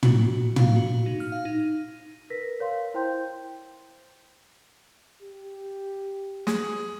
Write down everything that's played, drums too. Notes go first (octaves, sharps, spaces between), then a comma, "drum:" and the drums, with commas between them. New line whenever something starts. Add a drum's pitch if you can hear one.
F#4, drum: tom
F5, drum: tom
F#4
D#4
F6
F5
D#4
A#4 B4 A#6 B6
A#4 C#5 F5 C6
E4 C5 G5 C6 G6
G4
G#4, drum: snare